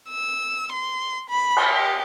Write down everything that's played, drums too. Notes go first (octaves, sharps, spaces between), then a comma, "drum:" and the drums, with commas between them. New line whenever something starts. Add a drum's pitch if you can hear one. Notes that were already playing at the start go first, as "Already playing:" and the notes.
E6
C6
B5
drum: cymbal
G4